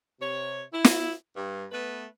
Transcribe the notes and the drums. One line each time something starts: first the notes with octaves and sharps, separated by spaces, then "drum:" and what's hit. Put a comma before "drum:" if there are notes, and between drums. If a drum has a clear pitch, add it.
C3 C#5
E4
drum: snare
G2
A3 B3 B4